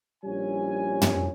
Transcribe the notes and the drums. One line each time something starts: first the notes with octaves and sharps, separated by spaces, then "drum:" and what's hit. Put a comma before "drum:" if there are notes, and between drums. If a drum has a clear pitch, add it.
A#1 G3 C#4 E4 C#5 G#5
drum: tom